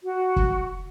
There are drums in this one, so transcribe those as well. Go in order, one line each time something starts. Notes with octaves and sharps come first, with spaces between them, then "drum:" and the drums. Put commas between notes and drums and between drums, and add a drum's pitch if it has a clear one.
F#4
drum: kick